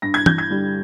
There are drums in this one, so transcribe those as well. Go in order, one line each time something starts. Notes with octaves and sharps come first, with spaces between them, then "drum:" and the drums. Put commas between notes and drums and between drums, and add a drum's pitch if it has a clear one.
G2 A#6
G#6
G6, drum: tom
G#6
D3 G3